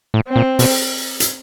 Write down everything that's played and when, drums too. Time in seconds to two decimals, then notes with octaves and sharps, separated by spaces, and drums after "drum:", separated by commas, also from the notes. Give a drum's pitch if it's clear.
0.14 A2
0.28 C4
0.36 A#2
0.59 B2, drum: open hi-hat
1.20 drum: hi-hat